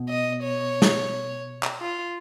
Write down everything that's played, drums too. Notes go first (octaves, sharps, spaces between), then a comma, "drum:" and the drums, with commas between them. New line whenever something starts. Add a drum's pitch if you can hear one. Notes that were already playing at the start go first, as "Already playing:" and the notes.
Already playing: B2
D#5
C#5
drum: snare
drum: clap
F4